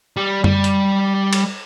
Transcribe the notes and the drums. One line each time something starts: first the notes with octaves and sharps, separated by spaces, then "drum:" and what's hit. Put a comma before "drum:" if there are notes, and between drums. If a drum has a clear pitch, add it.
G3
G3, drum: tom F#2
drum: hi-hat
drum: cymbal